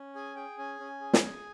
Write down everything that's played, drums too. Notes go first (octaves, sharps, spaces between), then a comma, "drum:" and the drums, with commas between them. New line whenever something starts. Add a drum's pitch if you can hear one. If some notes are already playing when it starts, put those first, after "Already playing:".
Already playing: C#4
G#4 G#5
G#4 G5
C#4 G#5
C#4
G#4
drum: snare
G#4